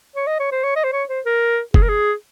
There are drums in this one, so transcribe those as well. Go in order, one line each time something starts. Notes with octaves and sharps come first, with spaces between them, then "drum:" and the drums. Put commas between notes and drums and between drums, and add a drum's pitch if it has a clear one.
C#5
D#5
C#5
C5
C#5
D#5
C5
C#5
C5
A#4
G#4, drum: kick F#1
A#4
G#4